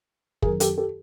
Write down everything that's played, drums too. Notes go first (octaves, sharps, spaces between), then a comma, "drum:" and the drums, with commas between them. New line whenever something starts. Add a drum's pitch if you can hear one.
F#2 D#3 G#4 A#4, drum: kick
G4 A4, drum: hi-hat
G4 A4